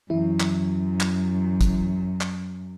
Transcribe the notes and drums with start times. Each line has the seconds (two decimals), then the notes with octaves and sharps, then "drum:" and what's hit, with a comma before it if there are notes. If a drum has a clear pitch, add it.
0.10 F#2 E3 E4
0.40 drum: clap
1.00 drum: clap
1.61 drum: kick, hi-hat
2.21 drum: clap